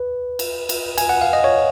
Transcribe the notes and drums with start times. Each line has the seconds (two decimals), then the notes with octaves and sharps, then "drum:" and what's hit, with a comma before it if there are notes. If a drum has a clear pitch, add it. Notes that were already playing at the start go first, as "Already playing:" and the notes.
Already playing: B4
0.39 drum: cymbal
0.69 drum: cymbal
0.98 G#5, drum: cymbal
1.09 F#5
1.21 F5
1.33 D#5
1.44 C#5